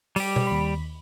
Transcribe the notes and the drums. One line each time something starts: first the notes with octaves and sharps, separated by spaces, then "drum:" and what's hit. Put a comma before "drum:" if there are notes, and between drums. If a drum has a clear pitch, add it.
G3 G4, drum: open hi-hat
drum: tom
D#2 B5